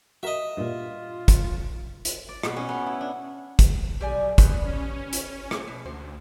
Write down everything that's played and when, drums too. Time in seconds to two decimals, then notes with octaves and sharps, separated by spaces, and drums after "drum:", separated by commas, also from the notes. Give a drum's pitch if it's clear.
0.23 F#4 A#4 D#5 E5
0.57 G2 A#2 F4
1.28 drum: kick, hi-hat
2.05 drum: hi-hat
2.29 D5
2.43 B2, drum: rim click
2.56 C#4
2.69 B3
2.86 E4
3.01 D4
3.59 drum: kick, hi-hat
4.01 B1 G4 D5 G#5
4.38 F#2 G3 B3, drum: kick, hi-hat
4.65 C#4
5.13 drum: hi-hat
5.51 drum: rim click
5.68 B2
5.85 D2 C5